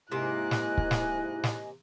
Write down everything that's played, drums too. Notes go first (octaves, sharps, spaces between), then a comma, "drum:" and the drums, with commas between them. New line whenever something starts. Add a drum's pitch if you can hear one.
G#2 C3 A#3 E4 D#5 G#5 F#6
drum: snare
drum: kick
drum: snare
drum: snare